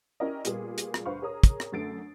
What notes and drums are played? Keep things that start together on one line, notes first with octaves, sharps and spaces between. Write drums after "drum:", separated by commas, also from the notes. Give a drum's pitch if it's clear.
C#4 E4 G4 A#4 D5 D#5
A#2 G3 A#3 B3 G#4, drum: hi-hat
drum: hi-hat
drum: rim click
D2 B4 C5 F5 C#6
G#4 A#4 C#5 A#5 D#6
drum: kick, hi-hat
drum: rim click
F#2 D3 A3 A6 C7 D7